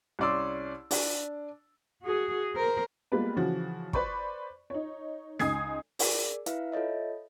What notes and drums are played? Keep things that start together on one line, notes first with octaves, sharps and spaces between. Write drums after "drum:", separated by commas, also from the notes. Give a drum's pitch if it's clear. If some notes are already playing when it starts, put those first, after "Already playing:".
C2 C#4 D5 C6 E6
D4, drum: open hi-hat
F#4 G#4
A#4 C5
G3 G#3 A#3 B3 F4 B4
C#3 E3 F3 F#4
B4 C5 D5 B5 C#6, drum: kick
D#4 C#5
C#2 D#4 G#5 D#6 G#6 C7, drum: snare
G#4 A#4 D5, drum: open hi-hat
E4 B4 E5 F5, drum: hi-hat
F4 A4 C#5 D#5 E5